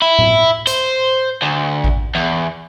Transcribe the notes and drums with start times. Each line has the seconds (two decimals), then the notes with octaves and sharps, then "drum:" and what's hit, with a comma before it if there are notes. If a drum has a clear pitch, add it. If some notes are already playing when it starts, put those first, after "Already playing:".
0.02 E4
0.19 drum: tom A2
0.67 C5, drum: hi-hat
1.42 D2
1.84 drum: kick A1
2.15 E2